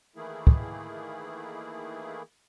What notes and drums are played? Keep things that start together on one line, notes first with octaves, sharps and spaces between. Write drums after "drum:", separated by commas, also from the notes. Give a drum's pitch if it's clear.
D#3 E3 A3 A#3 E4 G#4
drum: kick